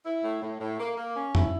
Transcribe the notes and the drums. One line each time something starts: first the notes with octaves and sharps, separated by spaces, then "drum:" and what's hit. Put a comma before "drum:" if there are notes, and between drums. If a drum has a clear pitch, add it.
E4
A2
A2
A2
A#3
A#3
C#4
E4, drum: tom